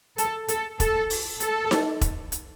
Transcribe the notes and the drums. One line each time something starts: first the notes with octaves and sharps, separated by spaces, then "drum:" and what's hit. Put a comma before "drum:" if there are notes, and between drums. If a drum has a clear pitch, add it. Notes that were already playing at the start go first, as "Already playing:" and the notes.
A4, drum: hi-hat
A4, drum: hi-hat
A4, drum: kick E1, hi-hat
drum: open hi-hat
A4, drum: hi-hat
drum: snare D#4
drum: kick E1, hi-hat
drum: hi-hat